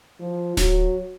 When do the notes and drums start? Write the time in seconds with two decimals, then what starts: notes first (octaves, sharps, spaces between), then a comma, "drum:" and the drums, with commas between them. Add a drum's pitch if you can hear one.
0.20 F3
0.57 F#3, drum: snare D1